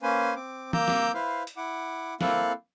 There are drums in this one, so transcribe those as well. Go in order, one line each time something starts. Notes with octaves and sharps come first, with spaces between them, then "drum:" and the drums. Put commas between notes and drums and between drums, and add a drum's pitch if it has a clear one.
A#3 C#4 B4 C5 G#5
C4 D6
A#3 A#5 D6 E6 G6, drum: tom
drum: snare
E4 B4 C5 F5
drum: hi-hat
E4 F#5 D6
A#3 C4 E4 A4 F5 F#6, drum: snare